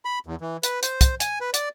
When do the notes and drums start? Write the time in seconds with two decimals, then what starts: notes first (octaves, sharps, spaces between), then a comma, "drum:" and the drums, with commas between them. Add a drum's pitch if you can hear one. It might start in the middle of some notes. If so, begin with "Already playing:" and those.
0.05 B5
0.26 E2
0.41 E3
0.63 B4, drum: hi-hat
0.83 C5, drum: hi-hat
1.01 drum: kick, hi-hat
1.20 G#5, drum: hi-hat
1.41 B4
1.54 D5, drum: hi-hat